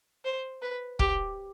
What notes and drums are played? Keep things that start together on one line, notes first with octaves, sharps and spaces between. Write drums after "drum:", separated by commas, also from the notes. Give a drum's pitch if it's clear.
C5
B4
G4, drum: kick